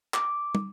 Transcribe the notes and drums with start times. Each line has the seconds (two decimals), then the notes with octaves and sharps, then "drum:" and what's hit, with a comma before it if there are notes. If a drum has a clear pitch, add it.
0.14 D6, drum: clap
0.55 drum: tom